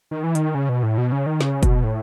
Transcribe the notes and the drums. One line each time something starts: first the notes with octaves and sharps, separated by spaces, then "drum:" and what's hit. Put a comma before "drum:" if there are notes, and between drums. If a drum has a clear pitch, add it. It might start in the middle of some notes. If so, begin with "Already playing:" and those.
D#3
E3
D#3, drum: hi-hat
C#3
B2
A2
B2
C#3
D#3
C#3, drum: snare
B2, drum: kick F1, hi-hat
A2